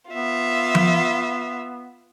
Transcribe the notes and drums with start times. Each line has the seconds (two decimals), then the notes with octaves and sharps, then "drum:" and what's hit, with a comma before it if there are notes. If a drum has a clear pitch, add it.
0.11 B3 F4 E5
0.75 drum: tom F3